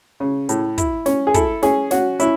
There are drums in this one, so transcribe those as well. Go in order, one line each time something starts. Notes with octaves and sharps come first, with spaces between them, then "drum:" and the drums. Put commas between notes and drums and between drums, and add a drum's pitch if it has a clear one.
C#3
A2, drum: hi-hat
E4, drum: kick, hi-hat
C#4, drum: snare
G#4
E4 A4, drum: kick, hi-hat
C#4 G#4, drum: snare
C#4 F#4, drum: snare
C#4 E4, drum: hi-hat